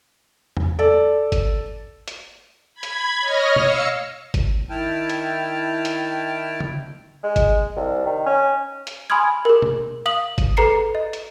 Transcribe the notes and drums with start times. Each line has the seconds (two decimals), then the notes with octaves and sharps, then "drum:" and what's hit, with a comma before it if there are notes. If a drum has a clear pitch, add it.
0.57 drum: tom E2
0.79 A4 D5
1.32 drum: kick G1, hi-hat
2.08 drum: hi-hat
2.74 B5 G#6
2.83 drum: hi-hat
3.21 C#5 D#5 F6 A#6
3.56 F5 E6 C#7, drum: tom B2
4.34 drum: kick G1, hi-hat
4.70 D#3 E4 G5 A5 F6
5.09 drum: hi-hat
5.85 drum: hi-hat
6.60 drum: tom C#3
7.23 G#3
7.36 drum: kick G1, hi-hat
7.76 C2
8.06 D#3
8.26 C#4
8.87 drum: hi-hat
9.10 G#5 B5 C6 D#6 F6 G#6
9.45 G#4 A#4
9.62 drum: tom B2
10.06 F5 D#6 F#7
10.38 drum: kick G1, hi-hat
10.57 G#4 A4 B4 A#5 C7 C#7
10.95 D#5
11.13 drum: hi-hat